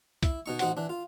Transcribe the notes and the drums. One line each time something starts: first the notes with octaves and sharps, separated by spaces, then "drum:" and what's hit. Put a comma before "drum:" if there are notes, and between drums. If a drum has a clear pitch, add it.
E4, drum: kick C2, hi-hat
B2 D#4 C#6
A1 D#4 F#4 C5 F#5, drum: hi-hat
E3 D4
F4